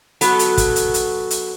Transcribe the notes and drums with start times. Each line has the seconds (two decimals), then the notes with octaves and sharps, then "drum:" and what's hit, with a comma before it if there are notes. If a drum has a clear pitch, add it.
0.21 F#3 B3 A4, drum: hi-hat
0.39 drum: hi-hat
0.58 drum: kick, hi-hat
0.76 drum: hi-hat
0.94 drum: hi-hat
1.31 drum: hi-hat